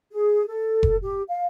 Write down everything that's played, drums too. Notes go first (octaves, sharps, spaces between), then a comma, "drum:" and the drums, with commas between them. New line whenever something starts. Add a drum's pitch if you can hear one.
G#4
A4
drum: kick F1
G4
F5